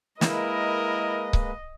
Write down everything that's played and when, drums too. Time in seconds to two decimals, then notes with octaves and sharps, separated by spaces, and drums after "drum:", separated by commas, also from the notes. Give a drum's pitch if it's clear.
0.21 G#3 A#3 E4 A#4 B4 D#5, drum: snare
1.33 drum: kick C#1